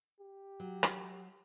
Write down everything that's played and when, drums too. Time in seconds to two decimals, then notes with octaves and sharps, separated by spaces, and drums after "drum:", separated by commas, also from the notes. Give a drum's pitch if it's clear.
0.20 G4
0.60 F#3
0.83 drum: rim click